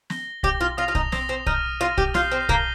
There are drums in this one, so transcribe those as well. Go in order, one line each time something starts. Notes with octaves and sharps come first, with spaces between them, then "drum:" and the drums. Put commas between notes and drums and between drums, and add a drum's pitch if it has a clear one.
A#6 G7, drum: snare
G4 A#6 G7, drum: kick B1
F4
F4 D#6 A#6 F7
F4
D#4, drum: kick B1
C4 D#6 A#6 F7, drum: snare
C4
D#4 F6 A#6 D#7, drum: kick B1
F4 F6 A#6 D#7
G4, drum: kick B1
F4 G6 C7 G7, drum: snare
C4
A#3 G6 C7 G7, drum: kick B1